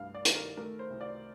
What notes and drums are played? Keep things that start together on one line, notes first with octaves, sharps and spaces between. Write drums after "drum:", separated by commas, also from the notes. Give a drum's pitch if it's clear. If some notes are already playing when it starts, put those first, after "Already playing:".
Already playing: C2 G2 A3 F5
D5
D#3, drum: hi-hat
A#4
A3 A#4
C5
C2
D5